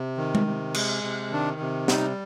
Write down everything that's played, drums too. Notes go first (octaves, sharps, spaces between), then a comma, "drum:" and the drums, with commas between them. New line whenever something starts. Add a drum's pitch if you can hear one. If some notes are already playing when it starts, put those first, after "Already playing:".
Already playing: C3
D#3
drum: tom G#3
C3
G#3, drum: cymbal
C3
D#3 D4
C3
G3 D#4, drum: snare